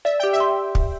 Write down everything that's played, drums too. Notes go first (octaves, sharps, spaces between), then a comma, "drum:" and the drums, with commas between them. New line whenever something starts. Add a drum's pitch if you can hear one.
D5 E5
G4 G5
E5
C6
drum: kick